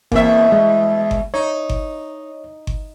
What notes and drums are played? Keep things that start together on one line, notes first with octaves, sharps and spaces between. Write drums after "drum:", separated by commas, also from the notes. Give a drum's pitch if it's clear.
E2 B2 A#3 C4 E5, drum: kick G1
G#3
drum: kick G1
D#4 C#5
drum: kick G1
drum: kick G1